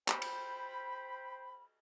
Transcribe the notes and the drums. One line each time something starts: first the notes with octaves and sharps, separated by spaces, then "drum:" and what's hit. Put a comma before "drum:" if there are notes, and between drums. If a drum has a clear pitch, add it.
C5 G5 B5, drum: clap
drum: cymbal